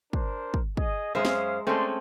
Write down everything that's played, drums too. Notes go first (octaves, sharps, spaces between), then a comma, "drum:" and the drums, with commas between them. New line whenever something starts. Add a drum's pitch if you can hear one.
D4 A#4 C5, drum: kick
drum: kick
G#4 D#5, drum: kick
F#2 G#3 C#4 C5 E5 F5 D#6
drum: snare
G#3 A3 C4 C#4 D5 A5 C6